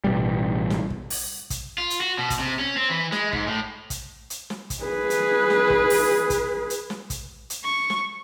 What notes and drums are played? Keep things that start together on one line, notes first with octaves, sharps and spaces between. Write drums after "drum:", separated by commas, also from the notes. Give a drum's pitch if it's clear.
A1 B2 G3
drum: snare
drum: kick
drum: open hi-hat
drum: kick, hi-hat
F4
drum: hi-hat
F#4
B2
drum: kick, hi-hat
C3
C#4
C4
E3
G#3, drum: snare
G#2, drum: kick
A2
drum: kick, hi-hat
drum: hi-hat
drum: snare
drum: kick, hi-hat
G#4 B4
drum: hi-hat
drum: snare
drum: kick
drum: open hi-hat
drum: kick, hi-hat
drum: hi-hat
drum: snare
drum: kick, hi-hat
drum: hi-hat
C#6
drum: snare